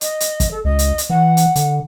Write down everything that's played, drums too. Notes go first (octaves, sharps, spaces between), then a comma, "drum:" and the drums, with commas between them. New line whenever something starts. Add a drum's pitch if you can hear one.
D#5, drum: hi-hat
drum: hi-hat
drum: kick, hi-hat
A4
C#2 D#5
drum: hi-hat
drum: hi-hat
E3 F#5
drum: hi-hat
D3, drum: hi-hat